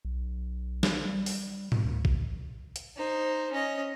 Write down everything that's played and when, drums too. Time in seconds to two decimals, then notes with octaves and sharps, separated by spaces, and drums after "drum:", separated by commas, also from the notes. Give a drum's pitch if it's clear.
0.05 B1
0.83 drum: snare
1.05 G3
1.26 drum: open hi-hat
1.72 B2, drum: tom
1.85 D2
2.05 drum: kick A1
2.76 drum: hi-hat
2.96 D#4 C5
3.52 C#4 D#5